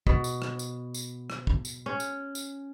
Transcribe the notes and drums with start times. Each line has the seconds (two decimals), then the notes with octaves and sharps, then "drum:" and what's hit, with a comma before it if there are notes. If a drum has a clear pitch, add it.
0.07 B2, drum: kick
0.24 drum: tambourine
0.42 drum: rim click
0.59 drum: tambourine
0.94 drum: tambourine
1.30 drum: rim click
1.47 drum: kick
1.65 drum: tambourine
1.86 C#4
2.00 drum: tambourine
2.35 drum: tambourine